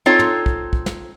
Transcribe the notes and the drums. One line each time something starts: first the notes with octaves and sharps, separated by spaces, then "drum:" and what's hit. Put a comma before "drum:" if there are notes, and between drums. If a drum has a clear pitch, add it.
C4 D#4 F4 A4 C#5
drum: tom
drum: kick
drum: kick
drum: snare